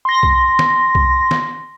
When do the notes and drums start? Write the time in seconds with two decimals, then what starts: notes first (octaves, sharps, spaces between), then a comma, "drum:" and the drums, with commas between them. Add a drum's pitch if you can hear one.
0.05 C6 A#6
0.23 drum: kick C2
0.59 drum: snare
0.95 drum: kick C2
1.31 drum: snare